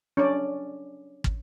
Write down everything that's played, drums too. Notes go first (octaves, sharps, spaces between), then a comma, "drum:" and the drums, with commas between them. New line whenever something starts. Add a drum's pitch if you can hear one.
C#4 D4 D5
drum: kick